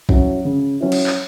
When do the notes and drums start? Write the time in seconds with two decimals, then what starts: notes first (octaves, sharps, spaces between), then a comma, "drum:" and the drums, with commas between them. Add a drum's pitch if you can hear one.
0.09 F#3 C#4 E4, drum: kick
0.45 C#3
0.81 F#3 C#4 E4
0.92 drum: cymbal
1.07 drum: clap